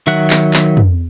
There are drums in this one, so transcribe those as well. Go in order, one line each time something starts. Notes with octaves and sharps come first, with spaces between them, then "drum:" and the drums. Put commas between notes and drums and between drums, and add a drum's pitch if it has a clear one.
D#3 F#3 E5 F#5 F#6
drum: clap
drum: clap
drum: tom